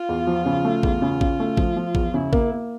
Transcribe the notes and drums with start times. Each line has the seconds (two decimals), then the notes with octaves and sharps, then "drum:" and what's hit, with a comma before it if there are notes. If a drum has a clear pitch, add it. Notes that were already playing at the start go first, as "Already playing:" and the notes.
Already playing: F4
0.09 E2
0.27 F3
0.46 C#3
0.65 A3
0.83 E2, drum: kick A1
1.02 C#3
1.21 C#3, drum: kick A1
1.40 A3
1.57 F3, drum: kick A1
1.76 F3
1.95 E2, drum: kick A1
2.14 C#3 E4
2.33 A#3, drum: kick A1
2.52 A#3